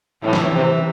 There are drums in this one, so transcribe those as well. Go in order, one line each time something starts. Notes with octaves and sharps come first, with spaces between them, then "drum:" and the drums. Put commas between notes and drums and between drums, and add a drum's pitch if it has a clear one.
A2 E3
drum: snare
C3